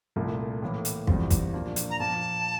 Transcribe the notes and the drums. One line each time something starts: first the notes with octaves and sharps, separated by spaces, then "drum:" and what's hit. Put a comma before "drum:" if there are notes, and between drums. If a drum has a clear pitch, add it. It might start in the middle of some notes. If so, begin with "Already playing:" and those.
C2 A#2 A3
A2 E3 A#3
drum: hi-hat
E2 E3 G3 C4 F4, drum: kick
drum: kick, hi-hat
A#2 F3 A#3 D4
drum: hi-hat
A#5
A#2 F3 A#3 A5